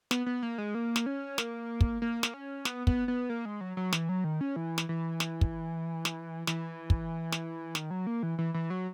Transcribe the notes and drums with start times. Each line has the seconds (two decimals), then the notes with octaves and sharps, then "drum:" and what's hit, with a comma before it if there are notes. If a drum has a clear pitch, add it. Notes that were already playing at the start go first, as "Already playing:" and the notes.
0.11 B3, drum: snare
0.26 B3
0.43 A#3
0.58 G#3
0.75 A#3
0.96 drum: snare
1.06 C#4
1.38 A#3, drum: snare
1.81 drum: kick
2.02 A#3
2.23 drum: snare
2.34 C#4
2.65 B3, drum: snare
2.87 B3, drum: kick
3.08 B3
3.30 A#3
3.45 G#3
3.61 F#3
3.77 F#3
3.93 E3, drum: snare
4.09 F#3
4.24 D#3
4.41 C#4
4.56 E3
4.78 drum: snare
4.89 E3
5.20 drum: snare
5.41 drum: kick
6.05 drum: snare
6.47 E3, drum: snare
6.90 drum: kick
7.32 drum: snare
7.75 D#3, drum: snare
7.91 F#3
8.07 A#3
8.23 E3
8.38 E3
8.54 E3
8.70 F#3